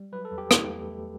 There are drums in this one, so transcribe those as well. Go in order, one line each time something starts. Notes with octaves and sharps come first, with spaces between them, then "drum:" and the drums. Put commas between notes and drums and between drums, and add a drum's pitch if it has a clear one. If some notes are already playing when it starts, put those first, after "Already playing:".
Already playing: G3
F#3 B4
A4
E2
G4
A3, drum: rim click
E2
A3